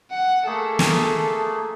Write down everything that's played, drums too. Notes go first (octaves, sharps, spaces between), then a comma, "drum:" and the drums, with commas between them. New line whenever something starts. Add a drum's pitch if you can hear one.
F#5
A3 A#3 G#4 A4
drum: snare